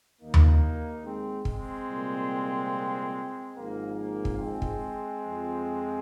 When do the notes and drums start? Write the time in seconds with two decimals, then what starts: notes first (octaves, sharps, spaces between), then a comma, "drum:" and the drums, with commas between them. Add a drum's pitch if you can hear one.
0.20 D#2 D#3 A#3 D#4
0.34 drum: tom D#2
1.03 G#3 C4
1.45 G#3 C4, drum: kick
1.87 C2 A#2 F3
3.54 G#1 G#2 F3 A#3
3.97 A#3
4.25 drum: kick
4.38 G#3 C4
4.62 drum: kick
5.22 F2 F3